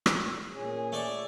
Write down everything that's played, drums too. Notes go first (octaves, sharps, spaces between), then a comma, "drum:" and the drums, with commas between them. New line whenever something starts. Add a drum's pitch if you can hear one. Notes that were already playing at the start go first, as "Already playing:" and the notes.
drum: rim click
A#2 C#4 G#4
A3 D5 C#6